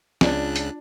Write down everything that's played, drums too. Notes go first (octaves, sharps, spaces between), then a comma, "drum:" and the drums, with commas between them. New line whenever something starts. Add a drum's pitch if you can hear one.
C#2 C#3 D4 F4 D5 F#6, drum: snare
drum: hi-hat